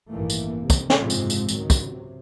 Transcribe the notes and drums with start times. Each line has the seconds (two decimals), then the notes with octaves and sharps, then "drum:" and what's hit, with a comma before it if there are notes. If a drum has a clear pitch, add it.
0.10 A1 G2 D#3 E3 A3 A#3
0.30 drum: tambourine
0.58 C3
0.70 drum: kick, tambourine
0.90 drum: snare
0.99 F#1 G#2 C3 F3 G#3 C4
1.10 drum: tambourine
1.30 drum: tambourine
1.49 C#2 D#3 F#3, drum: tambourine
1.70 drum: kick, tambourine
1.90 C3